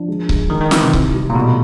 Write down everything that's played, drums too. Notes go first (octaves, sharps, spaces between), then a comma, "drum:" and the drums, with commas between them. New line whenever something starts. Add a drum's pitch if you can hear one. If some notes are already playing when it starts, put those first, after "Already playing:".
Already playing: F3 D4
G#3
G#3, drum: kick C#1
D#3 D#4
D#3
E3 D#4, drum: snare
C3
E4, drum: kick C#1
G3
A#2
B2 A3